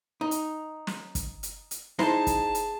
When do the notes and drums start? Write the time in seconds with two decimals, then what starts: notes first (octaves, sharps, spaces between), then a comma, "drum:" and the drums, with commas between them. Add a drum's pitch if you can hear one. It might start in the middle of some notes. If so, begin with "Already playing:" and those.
0.21 D#4
0.31 drum: hi-hat
0.87 drum: snare
1.15 drum: kick, hi-hat
1.43 drum: hi-hat
1.71 drum: hi-hat
1.99 D#4 E4 G#4 C5 A5, drum: snare
2.27 drum: kick, hi-hat
2.55 drum: hi-hat